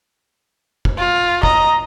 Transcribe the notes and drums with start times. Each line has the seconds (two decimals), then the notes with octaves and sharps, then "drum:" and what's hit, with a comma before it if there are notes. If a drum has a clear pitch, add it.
0.85 drum: kick
0.98 F4
1.43 D#5 A#5, drum: kick